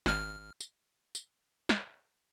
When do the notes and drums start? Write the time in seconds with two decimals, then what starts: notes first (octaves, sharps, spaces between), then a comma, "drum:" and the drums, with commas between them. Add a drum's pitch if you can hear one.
0.06 G#1 F6, drum: snare
0.60 drum: tambourine
1.15 drum: tambourine
1.69 drum: snare